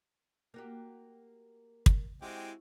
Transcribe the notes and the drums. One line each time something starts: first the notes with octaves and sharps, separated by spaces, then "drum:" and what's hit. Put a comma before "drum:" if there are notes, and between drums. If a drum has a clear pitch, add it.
A#3 F#4 G4
drum: kick
G#3 C4 E4 F#4 G4